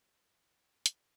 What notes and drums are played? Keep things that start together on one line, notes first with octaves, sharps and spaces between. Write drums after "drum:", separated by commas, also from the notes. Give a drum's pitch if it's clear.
A2 E4 F4 G4 A#5 F#6
drum: hi-hat